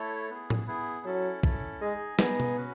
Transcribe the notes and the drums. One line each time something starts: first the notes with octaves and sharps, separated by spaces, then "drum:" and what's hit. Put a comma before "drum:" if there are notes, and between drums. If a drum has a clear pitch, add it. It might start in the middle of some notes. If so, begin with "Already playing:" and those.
Already playing: A3 E4 A4 C#5
B3 E4 G#4
drum: tom A2
B3 E4 G#4
F#3 C#4 E4 A4
C#4 E4 A4, drum: kick
G#3 D#4 G#4 D#5 G#5
B3 D#4 G#4 D#5 G#5, drum: snare
drum: tom B2
C#4 F#4 B4